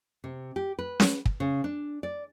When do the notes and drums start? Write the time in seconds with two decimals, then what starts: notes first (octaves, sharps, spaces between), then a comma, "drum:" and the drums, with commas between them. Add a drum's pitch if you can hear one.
0.24 C3
0.56 G4
0.79 B4
1.00 drum: snare C#4
1.25 drum: kick
1.40 C#3
1.64 D4
2.03 D5